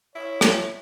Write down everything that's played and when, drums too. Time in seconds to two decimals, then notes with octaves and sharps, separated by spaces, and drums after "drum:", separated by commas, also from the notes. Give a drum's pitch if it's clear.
0.15 E4 C#5
0.41 drum: rim click